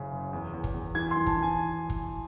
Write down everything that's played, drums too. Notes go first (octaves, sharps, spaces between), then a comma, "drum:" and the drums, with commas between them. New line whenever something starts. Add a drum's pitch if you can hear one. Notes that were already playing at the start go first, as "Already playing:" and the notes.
Already playing: F#1 C#3
F#2
E2
E2
drum: kick
E2
E3 G#6
C6
E3
A5, drum: kick
E3
G#5
drum: kick